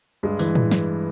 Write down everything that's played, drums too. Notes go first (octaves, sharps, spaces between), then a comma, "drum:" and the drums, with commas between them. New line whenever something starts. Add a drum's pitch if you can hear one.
G2 G#3
E3, drum: tambourine
drum: tom A2
drum: snare